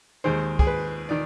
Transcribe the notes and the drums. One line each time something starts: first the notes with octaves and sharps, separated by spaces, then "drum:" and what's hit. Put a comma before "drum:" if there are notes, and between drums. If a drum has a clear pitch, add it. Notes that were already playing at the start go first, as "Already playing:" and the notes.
D#2 D#3 G#3 C5
G#4, drum: kick
B4
D#3 D5